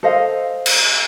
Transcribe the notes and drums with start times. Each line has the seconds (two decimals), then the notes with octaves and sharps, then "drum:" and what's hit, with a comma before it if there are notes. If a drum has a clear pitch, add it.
0.03 A4 C5 D#5 F5
0.66 drum: cymbal